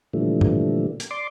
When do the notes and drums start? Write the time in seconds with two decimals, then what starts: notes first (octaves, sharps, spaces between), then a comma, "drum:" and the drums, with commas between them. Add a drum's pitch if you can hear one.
0.13 A#2 D3 E3 F3 G3 A3
0.41 drum: tom G2
1.00 drum: hi-hat
1.11 D5 C6 D6